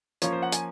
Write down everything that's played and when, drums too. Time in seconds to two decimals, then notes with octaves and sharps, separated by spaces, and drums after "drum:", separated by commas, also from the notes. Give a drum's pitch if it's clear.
0.22 F3 A#3 C#4 F4 C#5, drum: hi-hat
0.33 C5
0.42 F#5
0.52 G#5, drum: hi-hat